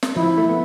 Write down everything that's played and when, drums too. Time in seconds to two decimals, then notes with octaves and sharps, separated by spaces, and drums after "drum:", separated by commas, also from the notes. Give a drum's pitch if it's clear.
0.03 drum: snare
0.16 F3 E4
0.38 A3
0.49 B3